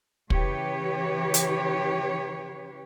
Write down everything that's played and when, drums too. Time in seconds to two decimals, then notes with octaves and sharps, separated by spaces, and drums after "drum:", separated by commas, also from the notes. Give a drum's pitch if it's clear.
0.30 C#3 E3 G4 B4 C#5, drum: kick
1.34 drum: hi-hat